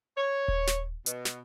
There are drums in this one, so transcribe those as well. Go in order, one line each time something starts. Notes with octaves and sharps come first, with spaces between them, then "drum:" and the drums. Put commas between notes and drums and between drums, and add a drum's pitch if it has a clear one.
C#5
drum: kick D#1
drum: snare
B2, drum: hi-hat
drum: snare